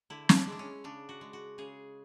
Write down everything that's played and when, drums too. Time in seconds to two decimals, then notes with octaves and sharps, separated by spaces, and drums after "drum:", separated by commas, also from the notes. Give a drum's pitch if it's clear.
0.10 D3 E4
0.29 D4, drum: snare
0.35 E4
0.47 G#3
0.52 D4
0.59 C#4
0.84 C#3 D4
1.09 F#4
1.21 G#3
1.33 F#4
1.58 C#3 G#4